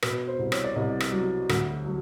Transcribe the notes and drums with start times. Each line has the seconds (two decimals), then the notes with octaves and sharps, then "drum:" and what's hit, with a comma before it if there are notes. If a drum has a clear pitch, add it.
0.02 B2 B4, drum: rim click
0.28 C5
0.39 C2
0.52 C#5, drum: rim click
0.64 D5
0.76 C2 D#5
1.00 drum: rim click
1.12 F#3
1.49 D2, drum: rim click
1.86 F#3